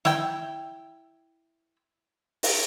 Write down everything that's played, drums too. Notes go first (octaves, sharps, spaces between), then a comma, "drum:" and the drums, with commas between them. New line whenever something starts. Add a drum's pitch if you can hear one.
E4 G5, drum: snare
drum: open hi-hat